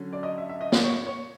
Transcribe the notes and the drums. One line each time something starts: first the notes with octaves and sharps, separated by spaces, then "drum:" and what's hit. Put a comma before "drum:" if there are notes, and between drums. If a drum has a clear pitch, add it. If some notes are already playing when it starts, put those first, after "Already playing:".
Already playing: D3 F#3 C#4
D5
D#5
E5
E5
D#5
D5, drum: snare
C#5
C#5